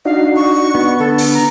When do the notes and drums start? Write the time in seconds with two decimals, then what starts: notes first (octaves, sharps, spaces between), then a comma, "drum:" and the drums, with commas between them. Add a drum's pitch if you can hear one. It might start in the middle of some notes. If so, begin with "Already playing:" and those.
0.05 D4 D#4 F#4 F5
0.35 C#6
0.75 B3
1.00 D3 A4
1.18 drum: open hi-hat
1.34 A#5